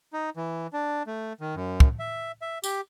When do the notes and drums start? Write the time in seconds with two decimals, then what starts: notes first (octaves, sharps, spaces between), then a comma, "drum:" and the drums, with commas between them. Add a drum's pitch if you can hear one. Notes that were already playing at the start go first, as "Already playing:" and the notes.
0.13 D#4
0.37 E3
0.73 D4
1.07 A3
1.41 D#3
1.55 F#2
1.80 drum: kick
1.99 E5
2.42 E5
2.64 G4, drum: tambourine